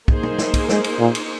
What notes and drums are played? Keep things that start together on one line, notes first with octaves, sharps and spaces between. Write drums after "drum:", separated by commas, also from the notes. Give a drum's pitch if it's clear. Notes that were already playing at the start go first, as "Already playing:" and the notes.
A#3 D#4 G#4 C5, drum: kick
drum: tom
drum: snare
drum: kick, cymbal
G#3, drum: snare
drum: cymbal
A#2
drum: cymbal